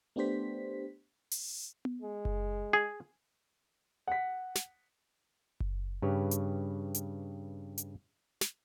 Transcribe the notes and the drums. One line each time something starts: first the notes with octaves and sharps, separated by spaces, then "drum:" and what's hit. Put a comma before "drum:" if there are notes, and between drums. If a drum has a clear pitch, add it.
A3 B3 D4 G4 C5 B6
drum: open hi-hat
drum: tom B3
G#3
drum: kick F#1
G#4
F#5 B6
drum: snare
drum: kick F#1
G2 C#3 G4 B4 C#5
drum: hi-hat
drum: hi-hat
drum: hi-hat
drum: snare